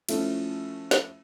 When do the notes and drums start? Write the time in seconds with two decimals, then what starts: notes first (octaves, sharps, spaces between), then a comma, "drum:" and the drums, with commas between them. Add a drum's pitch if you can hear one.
0.09 F3 A3 C#4 E4, drum: cymbal
0.91 drum: snare